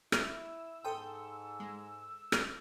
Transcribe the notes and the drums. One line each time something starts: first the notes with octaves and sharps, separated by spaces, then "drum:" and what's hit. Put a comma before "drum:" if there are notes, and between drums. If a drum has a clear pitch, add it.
E4 E6, drum: rim click
G#2 A4 G5 C6 D#6
G#3
drum: rim click